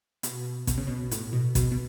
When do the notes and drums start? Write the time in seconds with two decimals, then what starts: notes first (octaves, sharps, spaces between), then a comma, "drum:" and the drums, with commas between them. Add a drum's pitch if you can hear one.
0.23 B2, drum: hi-hat
0.67 B2, drum: kick A1, hi-hat
0.78 C#3
0.87 B2
1.11 A2, drum: hi-hat
1.33 B2
1.55 B2, drum: kick A1, hi-hat
1.71 B2